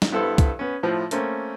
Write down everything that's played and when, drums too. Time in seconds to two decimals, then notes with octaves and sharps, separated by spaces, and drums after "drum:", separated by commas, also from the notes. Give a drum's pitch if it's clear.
0.02 drum: snare
0.12 G2 B3 E4 A4 C5 E6
0.38 drum: kick C2, hi-hat
0.59 B3 C#4
0.83 A2 F3 E4 C5
1.11 A3 A#3 C4 C#4, drum: hi-hat